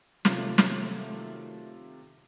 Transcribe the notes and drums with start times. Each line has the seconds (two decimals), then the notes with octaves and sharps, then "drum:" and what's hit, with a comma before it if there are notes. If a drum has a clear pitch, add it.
0.25 C3 D#3 F#3 A3 F4, drum: snare
0.58 drum: snare